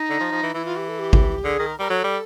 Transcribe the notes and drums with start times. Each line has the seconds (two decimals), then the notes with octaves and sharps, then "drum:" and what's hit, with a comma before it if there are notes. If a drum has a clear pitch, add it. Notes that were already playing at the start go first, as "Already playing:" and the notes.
Already playing: D#4
0.10 D3
0.20 F3
0.32 F3
0.43 E3
0.54 E3 E4
0.65 F4
0.77 G4
0.88 A4
0.99 G4
1.13 drum: kick G#1
1.44 D3 G#4
1.59 D#3
1.66 A#4
1.79 G3 A#4
1.89 F#3 A4
2.04 G3